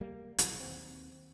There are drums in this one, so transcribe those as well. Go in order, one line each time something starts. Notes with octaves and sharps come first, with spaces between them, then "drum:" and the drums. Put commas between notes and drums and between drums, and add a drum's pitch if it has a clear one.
G3 A#3
D#1 B1 E3 F#3, drum: hi-hat
D#2 C4